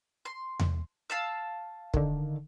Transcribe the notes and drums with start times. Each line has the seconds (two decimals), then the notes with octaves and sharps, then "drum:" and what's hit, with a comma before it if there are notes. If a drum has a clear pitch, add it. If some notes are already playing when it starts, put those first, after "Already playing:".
0.25 C6
0.59 drum: tom E2
1.10 F5 A5 E6
1.94 D3 D#3, drum: kick